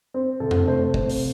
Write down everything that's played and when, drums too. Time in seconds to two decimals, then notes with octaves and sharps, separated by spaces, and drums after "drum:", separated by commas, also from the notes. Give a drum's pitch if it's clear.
0.14 C4
0.40 C3 A4
0.51 drum: tom F2
0.67 A3 C5
0.94 C3 C5, drum: kick
1.09 drum: open hi-hat